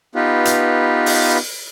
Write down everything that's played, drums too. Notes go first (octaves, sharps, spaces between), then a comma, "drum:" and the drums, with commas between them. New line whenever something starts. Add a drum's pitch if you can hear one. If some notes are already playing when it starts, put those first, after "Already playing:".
B3 D#4 F4 G4 B4
drum: hi-hat
drum: open hi-hat